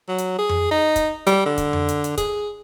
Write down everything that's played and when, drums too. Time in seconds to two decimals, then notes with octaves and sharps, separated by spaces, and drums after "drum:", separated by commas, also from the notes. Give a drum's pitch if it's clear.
0.08 F#3
0.18 drum: hi-hat
0.39 G#4
0.49 drum: tom F2
0.71 D#4
0.96 drum: kick, hi-hat
1.27 G3, drum: hi-hat
1.46 D3
1.58 drum: kick, hi-hat
1.73 drum: tom F2
1.89 drum: hi-hat
2.04 drum: hi-hat
2.18 G#4, drum: kick, hi-hat